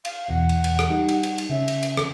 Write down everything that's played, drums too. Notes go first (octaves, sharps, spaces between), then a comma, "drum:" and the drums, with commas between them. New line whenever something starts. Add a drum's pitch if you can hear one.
F5, drum: cymbal
E2 B2 E3 F#5
drum: cymbal
drum: cymbal
drum: rim click
G3 D#4 G4
drum: cymbal
drum: cymbal
drum: cymbal
C#3 C#4 E5
drum: cymbal
drum: cymbal
drum: rim click